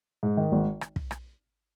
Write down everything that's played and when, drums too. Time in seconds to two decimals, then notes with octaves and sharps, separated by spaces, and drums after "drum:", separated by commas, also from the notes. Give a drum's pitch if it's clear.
0.23 G#2
0.37 D#3
0.52 G#1
0.81 drum: rim click
0.96 drum: kick
1.11 drum: rim click